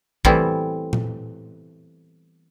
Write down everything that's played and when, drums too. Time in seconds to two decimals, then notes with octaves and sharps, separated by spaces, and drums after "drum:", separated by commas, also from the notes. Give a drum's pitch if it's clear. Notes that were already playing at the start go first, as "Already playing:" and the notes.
0.25 E3 G3 A3 B3 C4 E4, drum: kick
0.93 drum: tom A#2